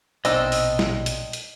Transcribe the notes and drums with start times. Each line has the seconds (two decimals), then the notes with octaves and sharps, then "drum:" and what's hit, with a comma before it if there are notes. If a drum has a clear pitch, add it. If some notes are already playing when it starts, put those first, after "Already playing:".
0.25 A#1 B2 C4 D4 D#4 D#5 E6, drum: hi-hat
0.52 drum: open hi-hat
0.79 drum: snare
1.06 drum: hi-hat
1.33 drum: hi-hat